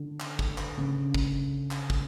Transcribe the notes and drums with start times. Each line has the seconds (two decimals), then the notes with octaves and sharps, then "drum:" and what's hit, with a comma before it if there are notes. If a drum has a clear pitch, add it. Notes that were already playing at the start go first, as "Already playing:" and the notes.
Already playing: D3
0.20 drum: clap
0.39 drum: kick
0.58 drum: clap
0.77 C#3
1.14 drum: kick
1.71 drum: clap
1.90 drum: kick